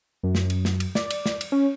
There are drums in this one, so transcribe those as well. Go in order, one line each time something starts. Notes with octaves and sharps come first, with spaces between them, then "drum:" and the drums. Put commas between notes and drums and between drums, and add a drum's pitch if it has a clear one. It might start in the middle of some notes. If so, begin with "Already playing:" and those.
F#2
drum: snare
drum: cymbal
drum: snare
drum: cymbal
D5, drum: snare
drum: cymbal
drum: snare
drum: cymbal
C#4